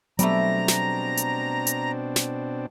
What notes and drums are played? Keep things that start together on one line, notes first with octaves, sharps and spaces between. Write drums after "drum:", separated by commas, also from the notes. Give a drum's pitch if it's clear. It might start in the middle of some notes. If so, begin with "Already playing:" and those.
B2 F#3 G3 A3 B3 C4 D4 A#5, drum: hi-hat
drum: snare
drum: hi-hat
drum: hi-hat
drum: snare